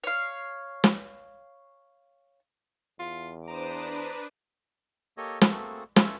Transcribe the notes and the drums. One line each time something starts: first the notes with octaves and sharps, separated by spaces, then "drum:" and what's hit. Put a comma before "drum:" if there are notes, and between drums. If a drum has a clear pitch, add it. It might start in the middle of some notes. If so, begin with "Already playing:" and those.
C#5 F5
drum: snare
E2 F4
D4 B4 C5 A#5 D6 D#6
A#3 G4 A4 C#5 D#5
A3 A#3 C4 F#4 G#4 A4, drum: snare
C#4 F4 A4 C#5 E5, drum: snare